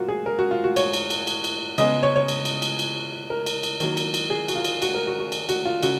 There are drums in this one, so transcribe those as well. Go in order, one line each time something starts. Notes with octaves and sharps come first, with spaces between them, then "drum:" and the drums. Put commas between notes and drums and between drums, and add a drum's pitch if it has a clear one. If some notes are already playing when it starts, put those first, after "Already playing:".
Already playing: A#2 F#3 A#3 F4 F#4
G#4
A#4
F#4
F4
F#4
C#5, drum: cymbal
drum: cymbal
drum: cymbal
drum: cymbal
drum: cymbal
C#3 G#3 B3 D#5, drum: cymbal
C#5
C#5
drum: cymbal
drum: cymbal
drum: cymbal
drum: cymbal
A#4
drum: cymbal
drum: cymbal
D#3 F#3 A#3, drum: cymbal
drum: cymbal
drum: cymbal
G#4
F#4, drum: cymbal
F4
drum: cymbal
F#4, drum: cymbal
A#4
F#4
F#4
drum: cymbal
F#4, drum: cymbal
F4
C#3 F#4, drum: cymbal